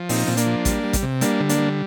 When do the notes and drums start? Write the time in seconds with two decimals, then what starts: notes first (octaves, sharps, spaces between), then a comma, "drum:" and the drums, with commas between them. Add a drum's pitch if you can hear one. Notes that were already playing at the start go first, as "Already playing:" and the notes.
Already playing: F3
0.09 A#2 C4 D#4, drum: open hi-hat
0.27 A#2 C4
0.37 A#3 D4, drum: hi-hat
0.46 F3
0.65 G3, drum: kick A1, hi-hat
0.83 G3
0.93 drum: kick A1, hi-hat
1.02 C3
1.21 G3 A#3 D4, drum: hi-hat
1.40 D3
1.49 A#3 D4, drum: hi-hat
1.58 G3